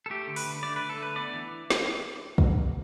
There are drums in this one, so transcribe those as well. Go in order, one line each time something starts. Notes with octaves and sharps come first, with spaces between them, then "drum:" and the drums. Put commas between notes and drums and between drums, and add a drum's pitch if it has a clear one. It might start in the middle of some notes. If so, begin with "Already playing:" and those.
A4
A3 G4
D3
B4, drum: open hi-hat
D3
A3 D5
D3 B4
A4
A3 B4
B3 D5
E3
drum: snare
drum: kick